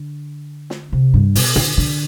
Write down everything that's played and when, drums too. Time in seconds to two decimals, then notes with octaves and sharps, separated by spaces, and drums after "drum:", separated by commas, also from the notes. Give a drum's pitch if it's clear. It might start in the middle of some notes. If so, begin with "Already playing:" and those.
Already playing: D3
0.70 drum: snare
0.92 C3
1.14 G2
1.35 B2, drum: open hi-hat
1.56 D3, drum: tom A#2
1.78 D3